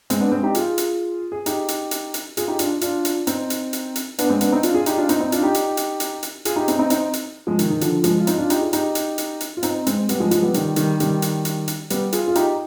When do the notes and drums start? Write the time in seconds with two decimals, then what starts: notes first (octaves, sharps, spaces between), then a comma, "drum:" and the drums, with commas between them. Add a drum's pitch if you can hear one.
0.10 G#3 C4, drum: hi-hat
0.20 B3 D4
0.32 G#3 C4
0.43 D#4 G4
0.55 F4 G#4, drum: hi-hat
0.78 drum: hi-hat
1.32 G#4
1.46 D#4 G4, drum: hi-hat
1.68 drum: hi-hat
1.91 drum: hi-hat
2.14 drum: hi-hat
2.37 F4 G#4, drum: hi-hat
2.48 D#4 G4
2.59 D4 F4, drum: hi-hat
2.81 D4 F4, drum: hi-hat
3.05 drum: hi-hat
3.27 C4 D#4, drum: hi-hat
3.50 drum: hi-hat
3.73 drum: hi-hat
3.96 drum: hi-hat
4.18 B3 D4, drum: hi-hat
4.30 G#3 C4
4.41 B3 D4, drum: hi-hat
4.52 C4 D#4
4.63 D4 F4, drum: hi-hat
4.74 F4 G#4
4.86 D#4 G4, drum: hi-hat
4.98 D4 F4
5.09 C4 D#4, drum: hi-hat
5.20 C4 D#4
5.32 D4 F4, drum: hi-hat
5.43 D#4 G4
5.54 drum: hi-hat
5.77 drum: hi-hat
6.00 drum: hi-hat
6.23 drum: hi-hat
6.45 F4 G#4, drum: hi-hat
6.56 D#4 G4
6.68 C4 D#4, drum: hi-hat
6.79 C4 D#4
6.90 C4 D#4, drum: hi-hat
7.13 drum: hi-hat
7.47 F3 G#3
7.59 D#3, drum: hi-hat
7.70 D#3
7.81 D3 F3, drum: hi-hat
8.04 F3 G#3, drum: hi-hat
8.20 F4
8.27 C4 D#4, drum: hi-hat
8.38 D4 F4
8.50 D#4 G4, drum: hi-hat
8.61 F4 G#4
8.73 D#4 G4, drum: hi-hat
8.95 drum: hi-hat
9.18 drum: hi-hat
9.41 drum: hi-hat
9.57 F4
9.63 C4 D#4, drum: hi-hat
9.87 G#3 C4, drum: hi-hat
10.09 G3 B3, drum: hi-hat
10.20 F3 G#3
10.31 F3 G#3, drum: hi-hat
10.42 G3 B3
10.54 D#3 G3, drum: hi-hat
10.76 D#3 G3, drum: hi-hat
11.00 D#3 G3, drum: hi-hat
11.22 drum: hi-hat
11.45 drum: hi-hat
11.68 drum: hi-hat
11.90 G3 B3, drum: hi-hat
12.12 F4 G#4, drum: hi-hat
12.28 F4
12.35 D#4 G4, drum: hi-hat